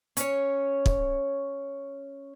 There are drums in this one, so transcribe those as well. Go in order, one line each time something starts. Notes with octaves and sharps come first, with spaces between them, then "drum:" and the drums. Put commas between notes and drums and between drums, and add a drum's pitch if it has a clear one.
C#4 C#5, drum: hi-hat
drum: kick